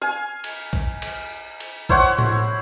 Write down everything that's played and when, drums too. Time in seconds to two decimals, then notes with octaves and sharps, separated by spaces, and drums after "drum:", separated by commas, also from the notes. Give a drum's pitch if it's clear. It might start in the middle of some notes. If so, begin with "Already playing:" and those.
0.01 F5 G#5
0.44 drum: cymbal
0.73 drum: kick
1.02 drum: cymbal
1.60 drum: cymbal
1.89 E4 C5 C#5 F#5, drum: kick
2.19 drum: tom A2